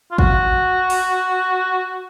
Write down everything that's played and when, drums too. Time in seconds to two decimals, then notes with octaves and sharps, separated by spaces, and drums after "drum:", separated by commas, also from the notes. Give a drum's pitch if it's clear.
0.11 F4
0.18 F#4, drum: kick
0.90 drum: open hi-hat